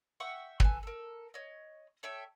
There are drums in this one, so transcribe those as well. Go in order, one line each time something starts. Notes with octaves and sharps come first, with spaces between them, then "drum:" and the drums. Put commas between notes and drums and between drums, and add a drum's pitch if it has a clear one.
E5 F#5 G5 C#6
A4 B4 G#5, drum: kick
A4 A#4
C#5 D#5
A4 C#5 E5 G5